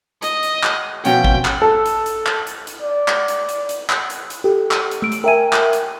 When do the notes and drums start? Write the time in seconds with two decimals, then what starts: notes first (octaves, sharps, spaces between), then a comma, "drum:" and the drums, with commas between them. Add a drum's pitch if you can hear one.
0.22 D#5, drum: hi-hat
0.43 drum: hi-hat
0.63 drum: clap
1.05 B2 F3 C#4 G5, drum: hi-hat
1.24 drum: kick G#1
1.45 drum: clap
1.62 A4
1.86 drum: hi-hat
2.06 drum: hi-hat
2.26 drum: clap
2.47 drum: hi-hat
2.67 drum: hi-hat
2.82 D5
3.08 drum: clap
3.28 drum: hi-hat
3.49 drum: hi-hat
3.69 drum: hi-hat
3.89 drum: clap
4.10 drum: hi-hat
4.30 drum: hi-hat
4.44 G4 A4
4.71 drum: clap
4.91 drum: hi-hat
5.02 A3 E6 D7
5.12 drum: hi-hat
5.24 A#4 E5 G5 G#5 D#7
5.53 drum: clap
5.73 drum: hi-hat